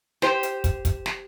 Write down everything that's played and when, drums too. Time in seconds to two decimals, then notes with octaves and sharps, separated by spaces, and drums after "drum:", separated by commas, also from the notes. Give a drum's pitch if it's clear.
0.22 G4 C5, drum: snare
0.43 drum: hi-hat
0.64 drum: kick, hi-hat
0.85 drum: kick, hi-hat
1.06 drum: snare